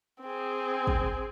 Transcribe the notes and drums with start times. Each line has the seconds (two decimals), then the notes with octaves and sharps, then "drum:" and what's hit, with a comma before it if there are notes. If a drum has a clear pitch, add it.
0.21 C4 G#4
0.87 drum: kick